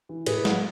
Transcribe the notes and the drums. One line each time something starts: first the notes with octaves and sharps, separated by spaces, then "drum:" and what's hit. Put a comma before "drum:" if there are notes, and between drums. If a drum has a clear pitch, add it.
E3
A2 G#4 B4, drum: cymbal
F#3, drum: snare